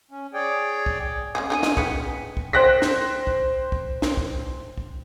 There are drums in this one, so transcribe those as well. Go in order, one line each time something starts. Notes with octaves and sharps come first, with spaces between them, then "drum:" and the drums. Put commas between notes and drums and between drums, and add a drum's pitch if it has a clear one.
C#4
G#4 C#5 D5 G5
drum: kick
C#3 G#3 G#4
D4 D#4 G4 G#4 G#5 D#7
F4 D#5, drum: snare
C#3 B3 G5 B6 C#7, drum: kick
drum: kick
C5 G5 F#6 A#6 B6
drum: snare
drum: kick
drum: kick
drum: snare
drum: kick
drum: kick